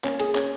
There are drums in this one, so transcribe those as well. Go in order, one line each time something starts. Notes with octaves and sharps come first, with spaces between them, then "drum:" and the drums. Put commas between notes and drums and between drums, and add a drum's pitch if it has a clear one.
A#3 C#4 C#5, drum: clap
G#4, drum: cymbal
C#4 C#5, drum: clap